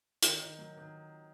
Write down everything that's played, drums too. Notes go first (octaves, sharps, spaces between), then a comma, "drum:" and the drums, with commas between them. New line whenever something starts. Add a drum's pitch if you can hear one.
D#3, drum: hi-hat
D#3
F#3
D#3